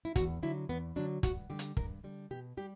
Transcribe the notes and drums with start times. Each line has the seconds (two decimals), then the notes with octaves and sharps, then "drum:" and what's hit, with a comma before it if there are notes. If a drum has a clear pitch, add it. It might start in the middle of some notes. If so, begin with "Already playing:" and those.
0.05 E4
0.16 E2 F#4, drum: kick, hi-hat
0.43 D3 F#3 E4
0.69 E2 B3
0.96 D3 F#3 D4
1.23 G2 F#4, drum: kick, hi-hat
1.50 D3 G3 G4
1.59 drum: hi-hat
1.77 G2 A#4, drum: kick
2.04 D3 G3
2.31 B2 G4
2.57 G3 G4